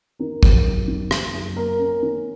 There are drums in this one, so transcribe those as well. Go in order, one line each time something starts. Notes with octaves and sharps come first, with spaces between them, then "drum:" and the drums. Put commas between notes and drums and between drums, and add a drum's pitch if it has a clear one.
D#3 A#4
F#2, drum: kick
F#2
D#3
F#1, drum: rim click
F#2
A#3 A#4
C#4
D#3